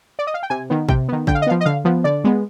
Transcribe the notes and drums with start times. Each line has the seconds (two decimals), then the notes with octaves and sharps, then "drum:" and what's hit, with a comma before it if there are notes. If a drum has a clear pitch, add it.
0.19 D5
0.27 D#5
0.34 F5
0.43 G5
0.50 C3 G#5
0.70 D#3 B3
0.89 C3 G5, drum: kick
1.08 D#3 B3
1.27 D3 G5, drum: kick
1.35 F5
1.42 D#5
1.47 F3 B3 F5
1.61 D#5
1.65 D3 F5
1.85 F3 B3
2.04 D3 D5
2.24 G#3 B3